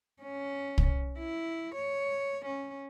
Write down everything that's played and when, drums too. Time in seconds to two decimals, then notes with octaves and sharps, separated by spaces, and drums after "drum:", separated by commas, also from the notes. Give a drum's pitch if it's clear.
0.23 C#4
0.78 drum: kick
1.19 E4
1.75 C#5
2.46 C#4